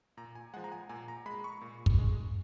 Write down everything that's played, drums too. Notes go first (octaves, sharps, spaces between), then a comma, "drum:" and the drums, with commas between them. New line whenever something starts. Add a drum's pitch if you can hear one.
A#2 A#5
G#5
F3 G#3 F#5
A#5
G#5
A#2 G#5
A#5
G#3 B5
C#6
A#2
drum: kick
G#3